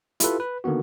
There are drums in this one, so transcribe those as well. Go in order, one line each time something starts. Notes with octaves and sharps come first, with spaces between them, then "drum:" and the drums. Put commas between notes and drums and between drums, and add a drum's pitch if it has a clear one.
E4 F4 G4 A4 B4, drum: hi-hat
B4
D3 D#3 A#3 B3 F#4